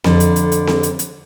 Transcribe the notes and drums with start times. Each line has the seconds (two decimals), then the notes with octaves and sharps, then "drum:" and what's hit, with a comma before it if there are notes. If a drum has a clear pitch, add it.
0.04 F2 D3, drum: snare C4
0.20 drum: hi-hat
0.36 drum: hi-hat
0.52 drum: hi-hat
0.67 drum: snare C4
0.83 drum: hi-hat
0.99 drum: hi-hat